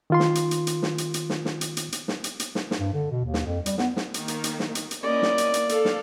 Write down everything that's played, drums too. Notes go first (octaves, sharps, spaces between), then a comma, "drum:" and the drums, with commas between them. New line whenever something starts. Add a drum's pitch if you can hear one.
D#3 F4 C6
drum: snare
drum: hi-hat
drum: hi-hat
drum: hi-hat
drum: snare
drum: hi-hat
drum: hi-hat
drum: snare
drum: snare
drum: hi-hat
drum: hi-hat
drum: hi-hat
drum: snare
drum: hi-hat
drum: hi-hat
drum: snare
drum: snare
G2
D3
B2
D#2
drum: snare
F2
G3, drum: hi-hat
B3, drum: snare
drum: snare
D#3 A#3, drum: hi-hat
drum: hi-hat
drum: hi-hat
drum: snare
drum: hi-hat
drum: hi-hat
A#3 C#4 E4 D5 D#5
drum: snare
drum: hi-hat
drum: hi-hat
A4 F5, drum: hi-hat
drum: snare